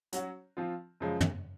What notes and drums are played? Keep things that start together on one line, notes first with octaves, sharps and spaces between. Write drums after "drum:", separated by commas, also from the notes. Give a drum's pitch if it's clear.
F#3 C#4 F#4, drum: hi-hat
F3 C4 F4
F#2 C#3 F3 G#3
drum: tom